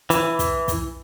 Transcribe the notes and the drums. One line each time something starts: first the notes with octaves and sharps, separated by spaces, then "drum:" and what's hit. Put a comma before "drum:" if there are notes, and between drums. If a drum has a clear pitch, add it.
E3, drum: hi-hat
drum: kick, hi-hat
drum: kick, hi-hat